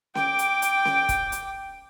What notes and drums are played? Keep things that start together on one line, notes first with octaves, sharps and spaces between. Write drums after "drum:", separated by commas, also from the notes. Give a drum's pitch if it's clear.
G5 D6, drum: snare C#4
drum: hi-hat
drum: hi-hat
drum: snare C#4
drum: kick, hi-hat
drum: hi-hat